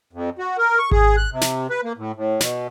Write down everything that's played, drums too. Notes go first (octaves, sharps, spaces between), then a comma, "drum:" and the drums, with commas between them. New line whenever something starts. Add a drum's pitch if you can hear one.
F2
F#4
A#4
C#6
G#4, drum: kick G#1
F#6
C3
drum: snare
B4
A#3
A2
A2
B2, drum: snare